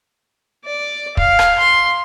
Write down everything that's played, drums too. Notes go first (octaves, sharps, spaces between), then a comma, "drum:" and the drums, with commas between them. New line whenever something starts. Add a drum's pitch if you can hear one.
D5
F5, drum: kick
drum: rim click
C6